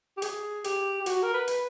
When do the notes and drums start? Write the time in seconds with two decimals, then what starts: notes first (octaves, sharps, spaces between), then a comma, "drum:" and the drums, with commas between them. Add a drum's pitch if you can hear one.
0.17 G4
0.22 G#4, drum: hi-hat
0.64 G4, drum: hi-hat
1.01 G4
1.06 F#4, drum: hi-hat
1.23 A#4
1.34 B4
1.48 drum: hi-hat